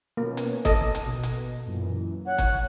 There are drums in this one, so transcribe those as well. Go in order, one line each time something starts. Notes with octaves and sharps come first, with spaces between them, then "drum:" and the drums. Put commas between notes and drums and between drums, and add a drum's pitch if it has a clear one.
B2 A#3 C#4
drum: hi-hat
A4 D#5 D6, drum: kick, hi-hat
drum: hi-hat
B2
drum: hi-hat
F#2 A#2 E3
C#5 F#5
drum: kick, hi-hat